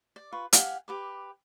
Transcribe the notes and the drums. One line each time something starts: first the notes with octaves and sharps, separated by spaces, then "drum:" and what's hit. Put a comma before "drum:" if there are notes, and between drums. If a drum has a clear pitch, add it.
D5
F4 B4 C#6
G4 F5 F#5 G#5, drum: hi-hat
G4 B4 D6